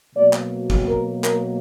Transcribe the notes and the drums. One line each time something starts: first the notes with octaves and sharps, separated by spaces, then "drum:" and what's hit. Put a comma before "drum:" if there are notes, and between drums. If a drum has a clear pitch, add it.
B2 F#3 A#3 D5
drum: clap
drum: kick G#1
A#4
A#4, drum: clap